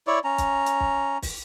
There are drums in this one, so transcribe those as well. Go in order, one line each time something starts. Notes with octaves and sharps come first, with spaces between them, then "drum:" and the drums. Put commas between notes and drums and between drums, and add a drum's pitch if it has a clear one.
E4 C#5 D5
C#4 A#5
drum: kick, hi-hat
drum: hi-hat
drum: kick
drum: kick, open hi-hat